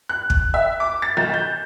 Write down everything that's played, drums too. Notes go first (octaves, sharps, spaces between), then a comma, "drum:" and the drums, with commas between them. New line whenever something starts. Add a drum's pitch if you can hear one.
F#6
drum: kick
E5
D6
A6
B1
G6